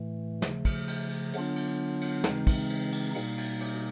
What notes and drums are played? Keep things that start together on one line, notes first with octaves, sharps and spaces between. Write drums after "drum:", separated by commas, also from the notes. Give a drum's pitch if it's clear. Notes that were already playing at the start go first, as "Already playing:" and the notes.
Already playing: A2 E3 A3
C#3 F3 A3, drum: snare
drum: kick, cymbal
drum: cymbal
drum: cymbal
D3 F#3 B3 D4 F4, drum: cymbal
drum: cymbal
drum: cymbal
C#3 E3 G#3 C4 D#4, drum: snare
drum: kick, cymbal
drum: cymbal
drum: cymbal
B2 G3 A#3 D#4, drum: cymbal
drum: cymbal
drum: cymbal